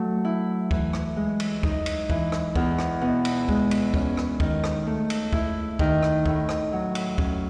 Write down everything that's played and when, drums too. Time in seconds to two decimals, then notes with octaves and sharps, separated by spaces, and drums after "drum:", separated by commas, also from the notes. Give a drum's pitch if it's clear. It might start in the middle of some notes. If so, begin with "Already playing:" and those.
Already playing: F#3 A3
0.25 E4
0.71 E3, drum: kick
0.93 drum: rim click
1.17 G#3
1.40 drum: cymbal
1.63 D#4, drum: kick
1.86 drum: cymbal
2.10 E3, drum: kick
2.32 drum: rim click
2.56 E2, drum: kick
2.79 drum: rim click
3.01 B2
3.25 drum: cymbal
3.49 G#3, drum: kick
3.71 drum: cymbal
3.94 C#4, drum: kick
4.17 drum: rim click
4.40 D#3, drum: kick
4.64 drum: rim click
4.87 A3
5.10 drum: cymbal
5.33 E4, drum: kick
5.79 D#3, drum: kick
6.03 drum: rim click
6.26 A2, drum: kick
6.49 drum: rim click
6.72 F#3
6.95 drum: cymbal
7.18 C#4, drum: kick